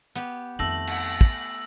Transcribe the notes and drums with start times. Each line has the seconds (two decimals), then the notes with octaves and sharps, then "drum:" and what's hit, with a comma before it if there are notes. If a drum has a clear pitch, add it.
0.15 B3 G4, drum: hi-hat
0.59 F2 D#3 A3 E6 A#6 F#7
0.87 drum: cymbal
1.21 drum: kick